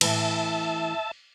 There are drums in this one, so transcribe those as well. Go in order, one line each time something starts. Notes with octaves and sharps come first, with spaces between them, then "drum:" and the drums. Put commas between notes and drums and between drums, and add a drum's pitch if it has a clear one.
A2 E3 E5 A5, drum: cymbal